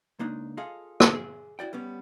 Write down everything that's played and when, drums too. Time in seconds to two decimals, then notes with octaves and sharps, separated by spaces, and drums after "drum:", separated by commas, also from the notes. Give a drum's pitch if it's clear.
0.19 C#2 A#3 D4 D#4
0.57 F4 G#4 A4 D#5 F5
1.00 drum: rim click
1.15 G#4
1.59 E4 F#4 D5 G5
1.73 G3 B3 C#4